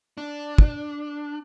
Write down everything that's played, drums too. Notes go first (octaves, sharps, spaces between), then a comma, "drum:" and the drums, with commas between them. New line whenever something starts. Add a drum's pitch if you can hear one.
D4
drum: kick